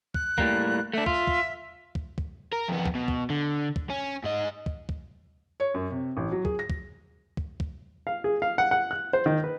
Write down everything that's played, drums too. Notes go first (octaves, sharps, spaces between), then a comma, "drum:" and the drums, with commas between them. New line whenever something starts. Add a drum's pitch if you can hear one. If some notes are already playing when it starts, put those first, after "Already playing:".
F#6, drum: kick
A2 G3 A#3, drum: kick
A3 D4 E5
F4, drum: kick
drum: kick
drum: kick
drum: kick
A#4
F2 B3
drum: kick
B2
drum: kick
D3
drum: kick
C#4
G#2 D#5
drum: kick
drum: kick
C#5
F#2
C3
A1
F#3
G#4, drum: kick
A#6
drum: kick
drum: kick
drum: kick
F5
G#4
F5
F#5
F#5
F#6
C5
D#3
B4